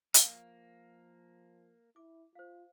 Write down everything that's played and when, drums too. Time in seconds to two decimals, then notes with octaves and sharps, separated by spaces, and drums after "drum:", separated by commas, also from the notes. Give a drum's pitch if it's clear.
0.14 F3 A#3 F5 C#6, drum: hi-hat
1.96 E4 D6
2.35 F4 C5 F5